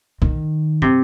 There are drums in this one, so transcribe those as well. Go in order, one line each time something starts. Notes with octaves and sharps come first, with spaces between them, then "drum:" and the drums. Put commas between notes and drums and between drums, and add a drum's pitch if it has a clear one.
D#3, drum: kick B1
C3, drum: tom